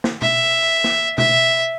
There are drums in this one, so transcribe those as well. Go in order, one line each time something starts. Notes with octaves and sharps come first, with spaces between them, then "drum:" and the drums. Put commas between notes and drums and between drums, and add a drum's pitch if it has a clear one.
drum: snare
E5, drum: tom B2
drum: snare
E5, drum: tom B2